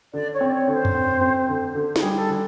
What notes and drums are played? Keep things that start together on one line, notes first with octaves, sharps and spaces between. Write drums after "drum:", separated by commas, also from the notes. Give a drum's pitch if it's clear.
D3 D5
C#5
C4
D5
C#5
D3
C5
drum: tom F2
C4
C4
D3
D3
G#4, drum: snare
G3
A4
D3